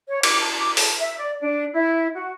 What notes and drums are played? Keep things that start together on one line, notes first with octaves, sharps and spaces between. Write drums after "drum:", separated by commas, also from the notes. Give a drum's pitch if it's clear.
C#5
D6, drum: cymbal
A5
D6
A5, drum: open hi-hat
E5
D5
D4
E4
F#4